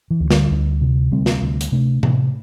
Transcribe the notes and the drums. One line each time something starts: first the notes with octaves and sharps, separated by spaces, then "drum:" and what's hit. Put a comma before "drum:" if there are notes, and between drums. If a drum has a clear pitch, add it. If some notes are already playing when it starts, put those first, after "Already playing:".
E3
D2
D3 G3, drum: snare
D2
C3
D2 G3 C4
drum: snare
D2
drum: hi-hat
C3 A3 D4
C3, drum: tom A2